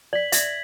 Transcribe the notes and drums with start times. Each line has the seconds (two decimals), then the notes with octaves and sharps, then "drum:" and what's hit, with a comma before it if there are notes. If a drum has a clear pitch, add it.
0.13 D5 B6 F#7
0.32 E5 G#6, drum: hi-hat